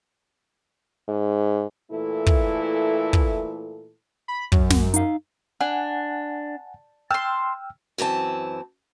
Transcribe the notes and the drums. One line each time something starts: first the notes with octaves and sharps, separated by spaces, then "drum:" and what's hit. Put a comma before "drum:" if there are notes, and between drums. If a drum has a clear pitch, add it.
G#2
A#2 E3 A3 E4 A4
drum: kick
drum: kick
B5
F#2, drum: kick
drum: snare
D#4 F5, drum: hi-hat
D4 F#5 G#5
G5 A5 C6 E6 F6
F#2 E3 C4 A5